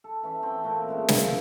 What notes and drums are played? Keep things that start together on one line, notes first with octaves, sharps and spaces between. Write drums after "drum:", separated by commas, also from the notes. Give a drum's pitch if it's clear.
A4
E3 C#4 E5
C4 G5 A5
A#2 A3 E4 A#4
C#3 G#3 C4
F3 A#3 C#4 D#4, drum: snare